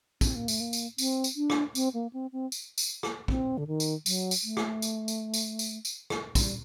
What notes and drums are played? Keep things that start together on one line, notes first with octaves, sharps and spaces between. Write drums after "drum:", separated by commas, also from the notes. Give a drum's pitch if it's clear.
C4, drum: kick, tambourine
A#3
A3, drum: tambourine
A#3
drum: tambourine
C4, drum: tambourine
drum: tambourine
D4
drum: rim click
C4, drum: tambourine
A#3
C4
C4
drum: tambourine
drum: tambourine
drum: rim click
C4, drum: kick
D3
D#3
drum: tambourine
F#3, drum: tambourine
drum: tambourine
A3
drum: rim click
drum: tambourine
drum: tambourine
drum: tambourine
drum: tambourine
drum: tambourine
drum: rim click
G3, drum: kick, tambourine